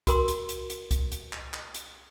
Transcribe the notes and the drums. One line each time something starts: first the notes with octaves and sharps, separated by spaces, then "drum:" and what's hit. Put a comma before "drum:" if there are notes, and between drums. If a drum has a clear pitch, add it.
F#4 A#4 C6, drum: kick C2, hi-hat
drum: hi-hat
drum: hi-hat
drum: hi-hat
drum: kick C2, hi-hat
drum: hi-hat
drum: clap
drum: clap
drum: hi-hat